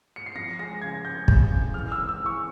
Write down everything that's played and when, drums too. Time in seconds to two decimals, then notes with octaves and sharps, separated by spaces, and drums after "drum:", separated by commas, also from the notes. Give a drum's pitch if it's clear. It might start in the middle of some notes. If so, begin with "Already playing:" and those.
0.16 C#7
0.26 C7
0.35 F3 A#6
0.59 G#3 A#6
0.82 C#3 G#6
1.05 G#3 G6
1.28 F2, drum: kick
1.51 C#3
1.74 E3 F6
1.92 G#3 E6
2.09 E6
2.20 E3
2.26 C#6